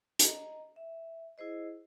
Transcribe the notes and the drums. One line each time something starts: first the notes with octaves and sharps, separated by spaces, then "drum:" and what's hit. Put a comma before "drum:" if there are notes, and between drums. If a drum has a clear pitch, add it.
D#5 A#5, drum: hi-hat
E5
E4 G#4 C5 D#5